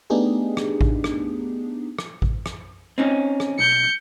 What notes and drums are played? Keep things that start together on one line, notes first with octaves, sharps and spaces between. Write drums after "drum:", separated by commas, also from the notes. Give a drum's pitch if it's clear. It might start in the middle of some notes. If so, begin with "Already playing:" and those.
A3 B3 D4 D#4 G4 G#4
drum: rim click
drum: kick A1
drum: rim click
drum: rim click
drum: kick A1
drum: rim click
C4 C#4 D#4
drum: rim click
B1 G6 C#7